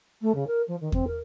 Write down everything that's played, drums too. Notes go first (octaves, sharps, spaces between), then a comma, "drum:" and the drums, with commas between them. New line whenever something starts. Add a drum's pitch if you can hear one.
A3
C#3
A#4
F3
D#3
C4, drum: kick E2
A#4